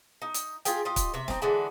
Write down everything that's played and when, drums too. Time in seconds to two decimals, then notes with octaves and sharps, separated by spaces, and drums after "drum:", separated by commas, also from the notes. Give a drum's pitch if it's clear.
0.22 D#4
0.34 drum: hi-hat
0.65 F4 G4 G#4 G5, drum: hi-hat
0.85 F4 G4 D#5
0.96 drum: kick, hi-hat
1.14 C3 E5
1.28 C4 D#4, drum: snare
1.42 D3 E3 G#3 F#4